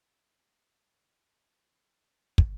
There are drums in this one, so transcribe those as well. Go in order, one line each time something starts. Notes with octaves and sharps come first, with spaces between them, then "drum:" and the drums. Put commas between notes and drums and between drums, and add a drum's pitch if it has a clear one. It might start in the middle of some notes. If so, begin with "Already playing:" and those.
Already playing: F3
C4
G2
F4
G#3
drum: kick